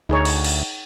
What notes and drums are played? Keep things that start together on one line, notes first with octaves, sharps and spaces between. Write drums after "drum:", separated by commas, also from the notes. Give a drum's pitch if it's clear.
D2 D#4 G#4 C#5
drum: cymbal
drum: cymbal